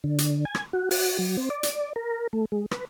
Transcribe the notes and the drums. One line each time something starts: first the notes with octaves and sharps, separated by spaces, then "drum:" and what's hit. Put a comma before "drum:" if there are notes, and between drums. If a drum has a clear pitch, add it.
D3
drum: hi-hat
G#5
drum: rim click
F#4
F#4, drum: open hi-hat
F#3
C4
D5
drum: hi-hat
A#4
A3
G#3
B4, drum: rim click